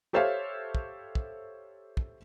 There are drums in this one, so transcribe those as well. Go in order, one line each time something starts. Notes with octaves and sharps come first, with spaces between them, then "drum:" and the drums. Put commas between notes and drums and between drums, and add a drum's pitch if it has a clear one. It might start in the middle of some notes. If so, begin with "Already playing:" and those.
G4 A4 C5 C#5 E5 F5
drum: kick
drum: kick
drum: kick